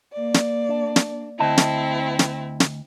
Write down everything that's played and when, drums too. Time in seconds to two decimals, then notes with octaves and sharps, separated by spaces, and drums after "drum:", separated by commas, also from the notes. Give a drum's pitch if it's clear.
0.14 A#3 D5
0.34 drum: snare
0.69 D4
0.96 drum: snare
1.40 D2 C4 E4 D#5 A5
1.58 drum: snare
2.19 drum: snare
2.60 drum: snare